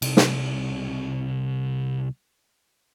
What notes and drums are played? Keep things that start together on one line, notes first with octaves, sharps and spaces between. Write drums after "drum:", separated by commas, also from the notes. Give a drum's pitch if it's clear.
C2 C3, drum: cymbal
drum: snare